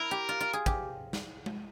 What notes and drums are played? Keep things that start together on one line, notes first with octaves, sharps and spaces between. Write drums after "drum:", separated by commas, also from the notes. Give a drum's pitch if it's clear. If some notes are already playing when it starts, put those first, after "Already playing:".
Already playing: E4 A#4
G4
F4
F4
G#4
G4, drum: kick
drum: snare
drum: tom G#3